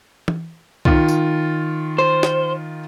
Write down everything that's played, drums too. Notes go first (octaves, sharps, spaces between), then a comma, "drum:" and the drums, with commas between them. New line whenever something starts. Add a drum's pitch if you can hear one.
drum: tom
D#3 F4, drum: kick C2
drum: tambourine
C5
drum: snare